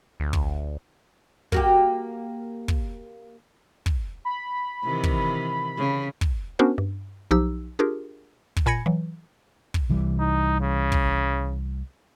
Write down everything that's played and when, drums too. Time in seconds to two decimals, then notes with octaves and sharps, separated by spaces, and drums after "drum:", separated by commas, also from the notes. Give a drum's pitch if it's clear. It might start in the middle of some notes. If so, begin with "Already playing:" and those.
0.20 D2
0.33 drum: kick
1.52 A#3 F#4 G4, drum: kick
2.68 drum: kick
3.86 drum: kick
4.25 B5
4.84 C3 D#3 E3
5.04 drum: kick
5.78 C#3
6.21 drum: kick
6.59 B3 C#4 D4 F#4 A#4 C5
6.78 G2
7.31 B1 F3 D#4 G4 E6
7.79 D4 F4 G4 G#4 A#4
8.56 drum: kick
8.66 A#2 G#5 B5 G#6 A#6 C#7
8.86 E3 F#3
9.74 drum: kick
9.89 C2 E3 G3
10.19 D#4
10.61 C#3
10.92 drum: kick